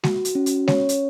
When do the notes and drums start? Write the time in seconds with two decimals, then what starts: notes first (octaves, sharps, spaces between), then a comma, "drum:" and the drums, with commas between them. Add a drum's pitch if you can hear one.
0.04 F#4, drum: snare G#3
0.25 drum: hi-hat
0.35 C#4
0.46 drum: hi-hat
0.68 C#5, drum: snare G#3
0.89 drum: hi-hat